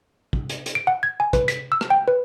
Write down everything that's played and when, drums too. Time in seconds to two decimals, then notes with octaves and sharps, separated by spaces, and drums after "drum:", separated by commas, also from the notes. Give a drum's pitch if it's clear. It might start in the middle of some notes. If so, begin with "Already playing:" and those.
0.33 drum: kick
0.49 drum: hi-hat
0.66 drum: hi-hat
0.75 D7
0.87 F#5
1.03 G#6
1.20 G#5
1.33 B4, drum: kick, hi-hat
1.48 B6, drum: hi-hat
1.72 E6
1.81 drum: rim click
1.90 G5
2.08 B4